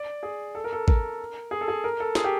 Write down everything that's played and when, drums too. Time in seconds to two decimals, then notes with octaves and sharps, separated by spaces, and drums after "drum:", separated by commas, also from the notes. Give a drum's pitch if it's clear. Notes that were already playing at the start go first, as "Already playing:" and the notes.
Already playing: D5
0.23 G#4
0.55 A4
0.64 A#4
0.73 A4
0.88 A#4, drum: kick
1.51 G#4
1.61 A4
1.68 G#4
1.84 A#4
2.00 A4
2.15 G#4, drum: snare
2.24 G4